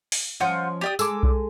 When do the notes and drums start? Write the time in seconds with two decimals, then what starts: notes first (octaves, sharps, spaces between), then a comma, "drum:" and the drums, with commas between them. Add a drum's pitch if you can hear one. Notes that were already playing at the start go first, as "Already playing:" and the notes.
0.12 drum: open hi-hat
0.40 F3 C#4 F4 D#5 F#5 G6
0.81 G4 D5 D#6
0.99 G#3 G#4 A4 D6 E6, drum: tambourine
1.23 drum: kick B1